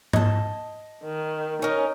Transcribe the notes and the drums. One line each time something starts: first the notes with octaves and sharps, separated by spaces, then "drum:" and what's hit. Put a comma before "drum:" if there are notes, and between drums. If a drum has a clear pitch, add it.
D#5 A5, drum: tom G#2
D#3
C#4 D#4 A#4